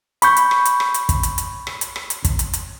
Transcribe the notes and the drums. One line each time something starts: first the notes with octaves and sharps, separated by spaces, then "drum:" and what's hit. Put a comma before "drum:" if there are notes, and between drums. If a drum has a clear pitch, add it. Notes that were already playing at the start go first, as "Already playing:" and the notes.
B5 C#6 G6, drum: hi-hat
drum: hi-hat
drum: rim click
drum: hi-hat
drum: rim click
drum: hi-hat
drum: kick, hi-hat
drum: hi-hat
drum: hi-hat
drum: rim click
drum: hi-hat
drum: rim click
drum: hi-hat
drum: kick, hi-hat
drum: hi-hat
drum: hi-hat